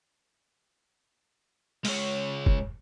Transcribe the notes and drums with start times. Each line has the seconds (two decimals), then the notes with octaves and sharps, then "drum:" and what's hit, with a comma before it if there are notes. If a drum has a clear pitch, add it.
1.85 G#3 C#5, drum: open hi-hat
2.46 drum: kick